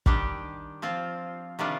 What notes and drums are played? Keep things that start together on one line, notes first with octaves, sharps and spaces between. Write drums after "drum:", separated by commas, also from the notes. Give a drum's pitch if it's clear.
D#3 G3 D4 G4, drum: kick
F3 C4 F4
C3 D#3 G3 D4 F4